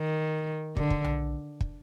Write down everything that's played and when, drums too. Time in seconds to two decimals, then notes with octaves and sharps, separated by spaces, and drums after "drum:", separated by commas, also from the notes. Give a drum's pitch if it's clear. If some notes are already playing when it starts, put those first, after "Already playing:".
Already playing: D#3
0.77 D3, drum: kick
0.90 drum: kick
1.04 drum: tom B1
1.61 drum: kick